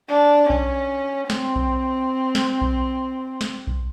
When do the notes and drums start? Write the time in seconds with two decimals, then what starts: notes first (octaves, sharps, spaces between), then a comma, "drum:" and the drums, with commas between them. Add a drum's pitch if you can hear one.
0.09 D4
0.50 C#4, drum: kick B1
1.30 C4, drum: snare
1.56 drum: kick B1
2.35 drum: snare
2.61 drum: kick B1
3.41 drum: snare
3.67 drum: kick B1